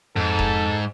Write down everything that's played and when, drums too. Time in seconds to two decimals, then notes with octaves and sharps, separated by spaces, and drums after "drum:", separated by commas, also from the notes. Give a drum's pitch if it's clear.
0.16 F2 G#2 A4
0.39 drum: kick E1